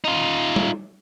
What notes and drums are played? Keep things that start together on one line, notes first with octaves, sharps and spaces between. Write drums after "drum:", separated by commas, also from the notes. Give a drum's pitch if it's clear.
D#4 F4
drum: tom